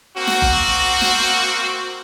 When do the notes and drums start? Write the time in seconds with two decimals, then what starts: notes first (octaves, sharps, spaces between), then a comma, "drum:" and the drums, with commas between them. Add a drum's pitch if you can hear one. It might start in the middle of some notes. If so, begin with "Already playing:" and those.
0.17 A#3 C4 F#4
0.27 drum: snare
0.42 drum: kick F#1
1.02 drum: snare